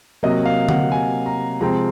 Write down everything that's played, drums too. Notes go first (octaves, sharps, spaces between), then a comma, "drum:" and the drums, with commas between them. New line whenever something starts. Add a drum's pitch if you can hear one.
C3 F#3 A#3 D#5
F5
F#5, drum: tom D3
G#5
A#5
C3 F3 G#3 C4 A#5